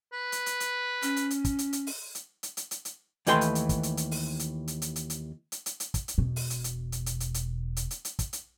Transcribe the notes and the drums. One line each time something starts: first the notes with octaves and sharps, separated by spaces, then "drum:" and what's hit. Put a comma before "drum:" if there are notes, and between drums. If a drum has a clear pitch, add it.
B4
drum: hi-hat
drum: hi-hat
drum: hi-hat
C#4, drum: hi-hat
drum: hi-hat
drum: hi-hat
drum: kick, hi-hat
drum: hi-hat
drum: hi-hat
drum: open hi-hat
drum: hi-hat
drum: hi-hat
drum: hi-hat
drum: hi-hat
drum: hi-hat
D#2 E3 A3 B4 G5 C6, drum: hi-hat
drum: hi-hat
drum: hi-hat
drum: kick, hi-hat
drum: hi-hat
drum: hi-hat
drum: open hi-hat
drum: hi-hat
drum: hi-hat
drum: hi-hat
drum: hi-hat
drum: hi-hat
drum: hi-hat
drum: hi-hat
drum: hi-hat
drum: kick, hi-hat
drum: hi-hat
E1 B2
drum: open hi-hat
drum: hi-hat
drum: hi-hat
drum: hi-hat
drum: hi-hat
drum: hi-hat
drum: hi-hat
drum: hi-hat
drum: hi-hat
drum: hi-hat
drum: kick, hi-hat
drum: hi-hat